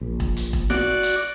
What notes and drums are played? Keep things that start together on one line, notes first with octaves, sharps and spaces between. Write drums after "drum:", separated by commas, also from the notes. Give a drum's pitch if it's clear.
A#1
drum: kick E1
drum: hi-hat
drum: kick E1
F#4 D5, drum: snare
drum: hi-hat